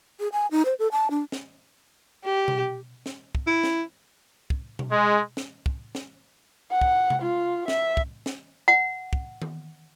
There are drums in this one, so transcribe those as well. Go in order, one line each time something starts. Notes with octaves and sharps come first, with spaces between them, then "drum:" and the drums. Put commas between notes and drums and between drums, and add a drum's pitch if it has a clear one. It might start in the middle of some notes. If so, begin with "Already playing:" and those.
G#4
G#5
D#4
C5
A4
A5
D4
drum: snare
G4
drum: tom B2
drum: snare
drum: kick
E4
drum: snare
drum: kick
drum: tom B2
G#3
drum: snare
drum: kick
drum: snare
F#5
drum: kick
drum: tom C3
F4
E5, drum: snare
drum: kick
drum: snare
F#5
drum: kick
drum: tom D#3